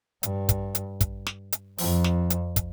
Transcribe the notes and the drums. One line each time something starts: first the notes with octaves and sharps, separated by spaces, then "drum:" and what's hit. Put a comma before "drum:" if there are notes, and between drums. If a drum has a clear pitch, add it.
G2, drum: hi-hat
drum: kick, hi-hat
drum: hi-hat
drum: kick, hi-hat
drum: snare
drum: hi-hat
F2, drum: open hi-hat
drum: snare
drum: hi-hat
drum: kick, hi-hat